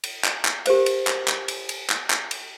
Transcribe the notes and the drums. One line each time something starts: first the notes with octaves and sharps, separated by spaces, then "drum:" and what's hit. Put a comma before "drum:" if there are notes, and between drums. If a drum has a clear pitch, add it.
drum: cymbal
drum: clap
drum: clap
G4 A#4 C5 F5, drum: cymbal
drum: cymbal
drum: clap
drum: clap
drum: cymbal
drum: cymbal
drum: clap
drum: clap
drum: cymbal